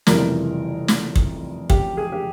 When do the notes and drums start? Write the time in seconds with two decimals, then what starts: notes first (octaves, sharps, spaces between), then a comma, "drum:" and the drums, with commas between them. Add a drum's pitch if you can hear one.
0.07 F1 F2 C#3 E3 G3 A#4, drum: snare
0.88 drum: snare
1.15 drum: kick
1.70 G4, drum: kick
1.97 G#4
2.12 G4